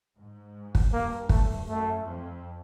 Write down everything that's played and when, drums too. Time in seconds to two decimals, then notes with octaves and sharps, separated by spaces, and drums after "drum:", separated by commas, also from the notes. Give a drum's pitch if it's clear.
0.18 G#2
0.75 drum: kick
0.93 G2 A#3
1.29 G2 A3, drum: kick
1.67 F#2 A3
2.04 F2